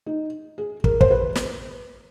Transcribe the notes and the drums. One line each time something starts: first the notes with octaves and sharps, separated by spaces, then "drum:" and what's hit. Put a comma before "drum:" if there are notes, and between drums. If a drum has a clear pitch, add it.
D#4
G#4
A#4, drum: kick
C5, drum: kick
B4
drum: snare